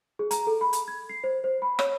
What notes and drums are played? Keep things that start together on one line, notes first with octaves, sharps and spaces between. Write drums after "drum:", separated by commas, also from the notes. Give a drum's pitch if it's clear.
G#4
A#5, drum: hi-hat
A4
B5
drum: hi-hat
G#6
C7
C5
C5
B5
C#5, drum: rim click